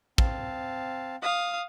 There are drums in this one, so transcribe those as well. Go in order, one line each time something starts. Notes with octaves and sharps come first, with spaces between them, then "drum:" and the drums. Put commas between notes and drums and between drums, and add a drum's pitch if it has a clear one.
C4 F5 A5, drum: kick
F5 D#6